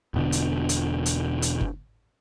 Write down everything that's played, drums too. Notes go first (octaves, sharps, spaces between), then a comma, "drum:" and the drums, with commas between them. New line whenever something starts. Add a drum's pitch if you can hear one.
E1 B2 D3
drum: hi-hat
drum: hi-hat
drum: hi-hat
drum: hi-hat
drum: kick F#1